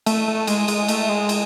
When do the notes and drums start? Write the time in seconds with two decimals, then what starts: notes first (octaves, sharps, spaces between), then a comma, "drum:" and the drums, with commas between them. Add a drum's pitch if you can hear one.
0.06 A3, drum: cymbal
0.28 A3
0.47 G#3, drum: cymbal
0.68 G#3, drum: cymbal
0.88 A3, drum: cymbal
1.09 G#3
1.29 drum: cymbal